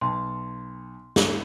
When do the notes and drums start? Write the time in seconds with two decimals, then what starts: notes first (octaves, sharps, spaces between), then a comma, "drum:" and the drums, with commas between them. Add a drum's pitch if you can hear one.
0.01 B1 A5 C6
1.16 drum: snare